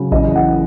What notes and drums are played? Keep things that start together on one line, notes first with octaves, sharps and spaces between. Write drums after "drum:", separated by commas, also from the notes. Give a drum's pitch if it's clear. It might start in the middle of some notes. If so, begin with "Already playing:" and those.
Already playing: C#3 F#3
E2 D#5, drum: kick A1
E3 F#5